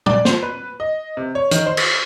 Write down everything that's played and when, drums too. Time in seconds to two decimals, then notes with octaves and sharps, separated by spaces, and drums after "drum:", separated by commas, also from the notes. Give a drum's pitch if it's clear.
0.06 D5, drum: tom
0.25 C5, drum: snare
0.43 B4
0.80 D#5
1.17 C3
1.35 C#5
1.51 D#3, drum: hi-hat
1.66 C5
1.77 drum: cymbal